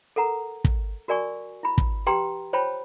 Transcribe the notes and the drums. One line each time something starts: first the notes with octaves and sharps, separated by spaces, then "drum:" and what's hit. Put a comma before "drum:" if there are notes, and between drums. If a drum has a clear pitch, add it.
A4 A#4 F#5 A#5
drum: kick
F#4 A#4 D5 G#5 C#6
E4 B5
drum: kick
G4 B4 G5 A#5 C6
F4 C5 C#5 G5 A5 B5